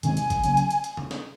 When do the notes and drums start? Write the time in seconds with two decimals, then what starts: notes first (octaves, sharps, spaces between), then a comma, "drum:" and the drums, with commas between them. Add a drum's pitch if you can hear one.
0.03 C3 D#3 G#3 C4 G#5, drum: hi-hat
0.17 drum: hi-hat
0.30 drum: kick, hi-hat
0.44 C#3 F#3 A#3 C#4, drum: hi-hat
0.57 drum: hi-hat
0.71 drum: hi-hat
0.84 drum: hi-hat
0.97 drum: tom C3
1.11 drum: snare